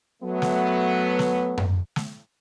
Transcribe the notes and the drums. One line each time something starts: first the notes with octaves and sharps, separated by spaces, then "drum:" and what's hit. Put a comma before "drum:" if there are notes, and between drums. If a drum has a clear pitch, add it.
F#3 A3 B3
drum: snare
drum: snare
drum: tom F#2
drum: snare